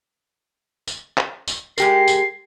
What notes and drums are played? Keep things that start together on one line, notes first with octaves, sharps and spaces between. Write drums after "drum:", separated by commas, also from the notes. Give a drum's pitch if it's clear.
drum: tambourine
drum: clap
drum: tambourine
G#3 G4 A#4 C7, drum: tambourine
drum: tambourine